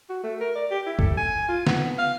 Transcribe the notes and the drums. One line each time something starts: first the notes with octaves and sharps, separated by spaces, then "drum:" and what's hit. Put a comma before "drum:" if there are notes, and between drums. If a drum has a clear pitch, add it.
F#4
A3
A#4
D5
G4
E4
A4, drum: kick
G#5
F4
B3, drum: snare
F5